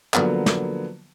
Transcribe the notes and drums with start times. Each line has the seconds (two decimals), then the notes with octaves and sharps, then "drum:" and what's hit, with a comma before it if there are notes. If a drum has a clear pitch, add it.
0.14 D3 F3 F#3 A#3 B3, drum: clap
0.46 drum: snare